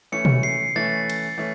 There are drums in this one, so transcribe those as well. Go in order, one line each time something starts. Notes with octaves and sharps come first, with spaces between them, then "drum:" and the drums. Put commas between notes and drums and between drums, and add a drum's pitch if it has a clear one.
E3 A3 C#4 C#7
drum: tom B2
C7
E3 A3 C#4 A6
drum: cymbal
E3 A3 C#4